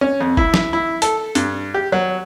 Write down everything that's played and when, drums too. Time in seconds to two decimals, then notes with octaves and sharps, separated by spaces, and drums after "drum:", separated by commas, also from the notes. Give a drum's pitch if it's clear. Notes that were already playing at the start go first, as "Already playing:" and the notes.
0.01 C#4
0.20 F2
0.37 E4, drum: kick
0.54 drum: snare
0.73 E4
1.02 A4, drum: hi-hat
1.35 G2, drum: hi-hat
1.74 G4
1.92 F#3